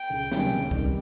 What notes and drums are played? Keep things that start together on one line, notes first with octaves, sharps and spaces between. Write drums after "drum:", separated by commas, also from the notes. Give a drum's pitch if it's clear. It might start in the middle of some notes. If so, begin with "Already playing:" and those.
Already playing: G5
C#2
C3 D#3 G3 C#4, drum: snare
C#2
C3 D#3 G3 C#4, drum: kick